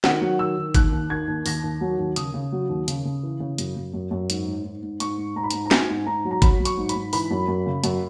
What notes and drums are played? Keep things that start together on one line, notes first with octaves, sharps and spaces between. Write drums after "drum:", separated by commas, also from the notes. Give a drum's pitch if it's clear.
D#3 F#5, drum: snare
F#3
D#3 E6
D#3
D#2 F#6, drum: kick, hi-hat
D#2
D#3 G#6
D#2
D#2 A#6, drum: open hi-hat
D#2
F#3
D#2
C#3 D#6, drum: hi-hat
C#3
F#3
D#2
C#3, drum: hi-hat
C#3
E3
C#3
F#2, drum: hi-hat
F#2
F#2
F#2
G#2, drum: hi-hat
G#2
G#2
G#2
G#2 C#6, drum: hi-hat
G#2
G#2 A#5
B5
G#2 A#5, drum: hi-hat
A#5
G#2 G#5, drum: snare
G#2
G#2 A#5
F#3
A#5
F#3 B5, drum: kick, hi-hat
F#3
C#6, drum: hi-hat
G#2
B5, drum: hi-hat
G#2
E3 B5, drum: open hi-hat
F#2
F#2
C#3
F#2, drum: hi-hat